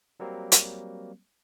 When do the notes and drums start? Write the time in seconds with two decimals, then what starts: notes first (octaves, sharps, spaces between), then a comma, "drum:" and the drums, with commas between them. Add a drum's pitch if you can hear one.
0.20 F#3 G3 A#3 C4
0.52 drum: hi-hat